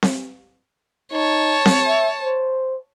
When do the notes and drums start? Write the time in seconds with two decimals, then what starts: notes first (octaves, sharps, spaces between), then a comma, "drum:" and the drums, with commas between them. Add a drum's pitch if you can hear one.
0.03 drum: snare C4
1.12 D#4 C#5 A5
1.66 drum: snare C4
1.87 E5
2.23 C5